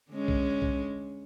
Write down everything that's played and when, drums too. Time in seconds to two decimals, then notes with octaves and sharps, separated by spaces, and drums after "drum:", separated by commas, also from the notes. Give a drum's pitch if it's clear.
0.11 D3 G#3 C#4
0.28 drum: kick B1
0.62 drum: kick B1